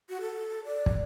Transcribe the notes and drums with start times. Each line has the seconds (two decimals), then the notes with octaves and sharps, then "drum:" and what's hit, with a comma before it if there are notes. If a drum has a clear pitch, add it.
0.09 F#4
0.21 A4
0.65 D5
0.86 drum: kick